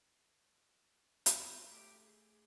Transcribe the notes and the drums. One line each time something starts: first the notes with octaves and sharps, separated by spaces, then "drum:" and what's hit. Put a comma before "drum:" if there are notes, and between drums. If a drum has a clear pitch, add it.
F4, drum: hi-hat
A3 G4
G#4